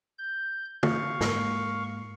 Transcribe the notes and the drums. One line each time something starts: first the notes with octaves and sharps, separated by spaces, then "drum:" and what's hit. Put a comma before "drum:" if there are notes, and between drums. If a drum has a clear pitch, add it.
G6
F5 C#6, drum: tom
G#2 A#3, drum: snare